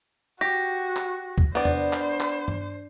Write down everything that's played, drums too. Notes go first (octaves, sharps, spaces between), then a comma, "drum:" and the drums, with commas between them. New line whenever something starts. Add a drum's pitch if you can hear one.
F#4 G4 A#6
drum: clap
drum: kick
B3 D4 C5 D5
drum: tom E2
drum: clap
drum: clap
drum: tom G2